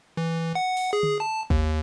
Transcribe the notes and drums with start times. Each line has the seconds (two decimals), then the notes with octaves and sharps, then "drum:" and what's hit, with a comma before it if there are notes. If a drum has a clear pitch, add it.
0.17 E3
0.55 F#5
0.77 drum: open hi-hat
0.93 G#4
1.03 drum: tom D3
1.20 A5
1.50 D#2, drum: kick